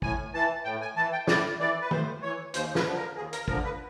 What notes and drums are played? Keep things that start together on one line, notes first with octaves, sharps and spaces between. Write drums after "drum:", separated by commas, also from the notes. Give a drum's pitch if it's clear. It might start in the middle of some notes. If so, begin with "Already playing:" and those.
A2 G#5, drum: kick
E3 A5
A2 G5
G#5
E3 A5
G5
A2 D5, drum: snare
E3 D5
B4
A2 C5, drum: tom
E3 C#5
D#2 C5, drum: hi-hat
B4, drum: snare
D3 F3
A#4
D#2 G#4
A#4, drum: hi-hat
D3 F3 A#4, drum: kick
B4